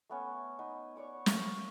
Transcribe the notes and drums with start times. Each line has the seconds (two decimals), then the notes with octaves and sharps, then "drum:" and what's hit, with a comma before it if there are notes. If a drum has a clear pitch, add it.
0.09 A3 B3 C#4
0.59 B3 D#4
0.96 C#5 D5 C#6 D6
1.26 A#4 E5 F5 C#6, drum: snare